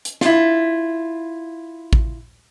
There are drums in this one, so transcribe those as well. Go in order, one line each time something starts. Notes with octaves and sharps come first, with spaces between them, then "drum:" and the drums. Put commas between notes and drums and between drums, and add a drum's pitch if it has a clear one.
drum: hi-hat
E4 F4, drum: snare
drum: kick A1